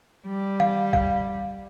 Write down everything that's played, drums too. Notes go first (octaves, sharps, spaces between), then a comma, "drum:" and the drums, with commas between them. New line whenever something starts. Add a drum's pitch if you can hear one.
G3
F5, drum: tom D#3
F5, drum: kick